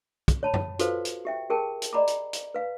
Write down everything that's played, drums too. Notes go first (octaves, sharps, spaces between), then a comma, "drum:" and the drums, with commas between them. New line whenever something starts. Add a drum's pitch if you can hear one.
drum: kick, hi-hat
C#5 A5 B5
drum: tom F#2
F4 F#4 A4 B4 C5 F5, drum: hi-hat
drum: hi-hat
G4 E5 G5
G4 G#4 A#4 G5 A5
drum: hi-hat
D5 D#5 A#5 B5 D6
drum: hi-hat
drum: hi-hat
B4 F5